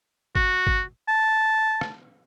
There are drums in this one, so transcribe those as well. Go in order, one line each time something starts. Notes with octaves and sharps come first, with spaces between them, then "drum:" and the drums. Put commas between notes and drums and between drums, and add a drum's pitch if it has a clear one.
F#4, drum: kick
drum: kick
A5
drum: rim click